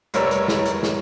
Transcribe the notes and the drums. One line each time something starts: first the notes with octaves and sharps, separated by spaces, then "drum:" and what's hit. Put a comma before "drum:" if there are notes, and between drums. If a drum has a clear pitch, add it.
F1 G3 A#4 C#5 E6, drum: hi-hat
drum: hi-hat
drum: snare
drum: hi-hat
drum: snare